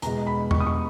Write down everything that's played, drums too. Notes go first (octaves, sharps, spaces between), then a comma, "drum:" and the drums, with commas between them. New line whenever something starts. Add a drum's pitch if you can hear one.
E2 B2 G#3 A#5, drum: hi-hat
B5
C#6, drum: tom
D#6
C#6